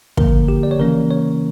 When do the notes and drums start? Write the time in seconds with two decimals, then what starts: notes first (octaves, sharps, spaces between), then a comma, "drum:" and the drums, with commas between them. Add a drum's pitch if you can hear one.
0.17 D3 F3 A#3 A#4, drum: kick
0.48 G4
0.63 D5
0.71 C#5
0.79 C#3 E3 A#3 C#4 A#4
1.10 C#5